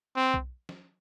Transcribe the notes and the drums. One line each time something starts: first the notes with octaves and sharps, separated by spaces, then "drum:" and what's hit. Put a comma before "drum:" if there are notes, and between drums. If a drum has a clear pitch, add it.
C4
drum: kick B1
drum: snare